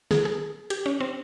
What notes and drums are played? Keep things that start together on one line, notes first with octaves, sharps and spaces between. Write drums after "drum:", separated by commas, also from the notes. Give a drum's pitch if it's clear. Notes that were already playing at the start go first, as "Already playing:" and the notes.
G#4, drum: snare
G#4
G4, drum: hi-hat
C#4
C4